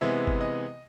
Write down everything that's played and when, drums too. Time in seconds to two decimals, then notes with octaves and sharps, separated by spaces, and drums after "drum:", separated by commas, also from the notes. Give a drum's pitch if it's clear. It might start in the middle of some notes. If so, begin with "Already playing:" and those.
0.01 C3 E3 G#3 B3 E5
0.27 drum: kick G1
0.41 D#5